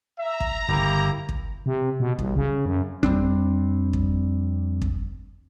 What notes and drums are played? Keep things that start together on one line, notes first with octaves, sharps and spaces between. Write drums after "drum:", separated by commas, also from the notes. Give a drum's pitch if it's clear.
E5 A#5
drum: kick
G1 A#2 C#3 A#3 E4 G4
drum: kick
C3
B2
C2, drum: kick
C#3
F#2
F2 G3 C4 D4, drum: kick
drum: kick
drum: kick